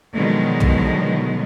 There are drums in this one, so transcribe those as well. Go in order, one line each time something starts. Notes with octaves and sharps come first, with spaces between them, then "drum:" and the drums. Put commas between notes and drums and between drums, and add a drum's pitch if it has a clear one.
B2 D3 D#3 F3 F#3 G#3
drum: tom